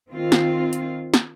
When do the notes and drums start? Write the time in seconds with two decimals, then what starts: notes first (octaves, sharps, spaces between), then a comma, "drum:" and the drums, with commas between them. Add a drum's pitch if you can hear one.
0.11 D#3 C4 F4
0.32 drum: snare
0.73 drum: hi-hat
1.14 drum: snare